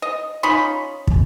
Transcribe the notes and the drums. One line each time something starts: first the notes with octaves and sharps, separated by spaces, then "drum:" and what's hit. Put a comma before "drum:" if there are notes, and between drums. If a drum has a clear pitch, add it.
D#5
C#4 D#4 F4 B5
drum: kick